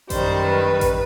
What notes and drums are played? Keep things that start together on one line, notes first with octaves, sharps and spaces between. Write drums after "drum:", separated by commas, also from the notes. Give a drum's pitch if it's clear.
F#2 D#3 G3 C5, drum: kick A1, hi-hat
B4
drum: kick A1, hi-hat